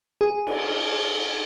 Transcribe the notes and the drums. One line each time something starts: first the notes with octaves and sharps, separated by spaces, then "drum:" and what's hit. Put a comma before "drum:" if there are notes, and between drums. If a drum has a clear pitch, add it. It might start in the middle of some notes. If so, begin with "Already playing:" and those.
G#4
drum: cymbal